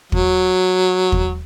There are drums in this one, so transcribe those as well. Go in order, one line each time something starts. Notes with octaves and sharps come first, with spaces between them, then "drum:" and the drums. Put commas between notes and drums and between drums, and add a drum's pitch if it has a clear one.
F#3, drum: kick
drum: kick